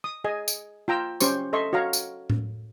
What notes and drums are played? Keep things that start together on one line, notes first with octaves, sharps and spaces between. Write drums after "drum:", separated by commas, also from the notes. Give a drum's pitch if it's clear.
D#6
G#4 D#5 G#5
drum: tambourine
F4 G5 A#5 E6
C#4 G4 C5 C#6, drum: tambourine
A4 D#5 E5 C6 C#6
F#4 C#5 F5 A#5
drum: tambourine
drum: tom A2